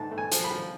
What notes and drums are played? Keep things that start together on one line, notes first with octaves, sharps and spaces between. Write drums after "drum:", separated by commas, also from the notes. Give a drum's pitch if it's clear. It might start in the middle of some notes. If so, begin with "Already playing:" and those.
Already playing: G#2 A3 A5
A3
G#5
F3, drum: hi-hat
B5
F3